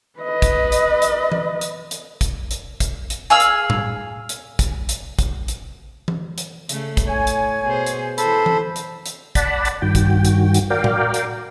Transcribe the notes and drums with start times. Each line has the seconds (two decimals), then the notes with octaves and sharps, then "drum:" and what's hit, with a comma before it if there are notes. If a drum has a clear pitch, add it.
0.20 B4 D#5
0.42 drum: kick, hi-hat
0.72 drum: hi-hat
1.02 drum: hi-hat
1.32 drum: tom E3
1.61 drum: hi-hat
1.91 drum: hi-hat
2.21 drum: kick, hi-hat
2.51 drum: hi-hat
2.80 drum: kick, hi-hat
3.10 drum: hi-hat
3.30 G#4 F5 E6
3.40 drum: hi-hat
3.70 drum: tom A2
4.29 drum: hi-hat
4.59 drum: kick, hi-hat
4.89 drum: hi-hat
5.19 drum: kick, hi-hat
5.48 drum: hi-hat
6.08 drum: tom E3
6.38 drum: hi-hat
6.69 C#3 A3, drum: hi-hat
6.97 drum: kick, hi-hat
7.07 A2 C#5 G#5
7.27 drum: hi-hat
7.64 B2 G#4 C5
7.86 drum: hi-hat
8.18 E3 A4 C5 B5, drum: hi-hat
8.46 drum: tom E3
8.76 drum: hi-hat
9.06 drum: hi-hat
9.35 D5 F#5 A5 B5, drum: kick, hi-hat
9.65 drum: hi-hat
9.82 G2 D#3 F#4 G5
9.95 drum: kick, hi-hat
10.25 drum: hi-hat
10.54 drum: hi-hat
10.70 F#4 A#4 D5 F5 G5
10.84 drum: tom A2
11.14 drum: hi-hat